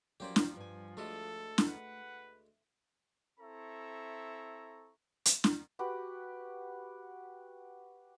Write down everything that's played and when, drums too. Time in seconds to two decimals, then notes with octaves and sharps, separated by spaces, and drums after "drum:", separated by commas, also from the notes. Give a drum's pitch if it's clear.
0.20 F3 F#3 A#3 C#4 G4 C5 D5
0.36 drum: snare
0.56 G2 G#5
0.97 D2 G#3 A3 A4 D#5
1.58 drum: snare
1.68 B4 F#5
3.40 C4 E4 A4 E5 A#5 C#6
5.25 drum: hi-hat
5.44 drum: snare
5.79 F#4 G4 B4